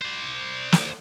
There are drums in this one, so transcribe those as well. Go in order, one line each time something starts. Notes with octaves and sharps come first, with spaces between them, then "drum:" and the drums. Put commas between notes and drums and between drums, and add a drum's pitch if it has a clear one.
C5 D5
drum: snare